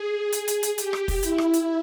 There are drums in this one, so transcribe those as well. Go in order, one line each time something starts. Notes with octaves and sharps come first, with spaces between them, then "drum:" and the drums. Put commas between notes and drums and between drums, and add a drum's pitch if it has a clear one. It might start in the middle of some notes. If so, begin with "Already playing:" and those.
Already playing: G#4
drum: hi-hat
drum: hi-hat
drum: hi-hat
G4, drum: hi-hat
drum: rim click
drum: kick, open hi-hat
E4, drum: hi-hat
drum: rim click
drum: hi-hat